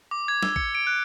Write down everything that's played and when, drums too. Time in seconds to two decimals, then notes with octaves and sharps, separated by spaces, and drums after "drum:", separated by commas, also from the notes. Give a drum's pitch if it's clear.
0.11 D6
0.28 G#6
0.42 E6, drum: snare
0.56 C#7, drum: kick A1
0.75 D7
0.87 F#6